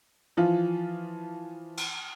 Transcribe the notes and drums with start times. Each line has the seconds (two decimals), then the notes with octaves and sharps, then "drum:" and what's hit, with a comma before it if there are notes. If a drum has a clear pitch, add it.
0.37 E3 F3 F4
1.77 drum: cymbal